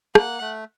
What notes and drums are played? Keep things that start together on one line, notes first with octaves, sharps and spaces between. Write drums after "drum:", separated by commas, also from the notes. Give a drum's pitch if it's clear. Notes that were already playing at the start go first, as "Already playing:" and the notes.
A#3 F#5, drum: rim click
A3